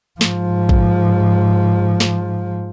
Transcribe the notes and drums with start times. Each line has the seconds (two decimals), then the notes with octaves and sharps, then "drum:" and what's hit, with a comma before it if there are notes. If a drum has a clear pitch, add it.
0.21 G#2 F3, drum: snare
0.69 drum: kick A1
2.00 drum: snare